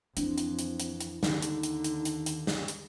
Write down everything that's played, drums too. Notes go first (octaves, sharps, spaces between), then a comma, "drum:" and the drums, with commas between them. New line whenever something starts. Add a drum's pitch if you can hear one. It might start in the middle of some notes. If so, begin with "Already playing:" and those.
F2 E3 C4 D4, drum: hi-hat
drum: hi-hat
drum: hi-hat
drum: hi-hat
drum: hi-hat
D#2 D3 D#3 D#4, drum: snare
drum: hi-hat
drum: hi-hat
drum: hi-hat
drum: hi-hat
drum: hi-hat
drum: snare
drum: hi-hat